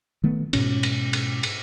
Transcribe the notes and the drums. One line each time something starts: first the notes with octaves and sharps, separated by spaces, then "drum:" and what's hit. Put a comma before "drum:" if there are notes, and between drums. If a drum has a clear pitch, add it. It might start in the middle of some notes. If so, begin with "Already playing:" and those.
D#3 A3 B3
G#2 B2 C#4, drum: cymbal
drum: cymbal
drum: cymbal
drum: cymbal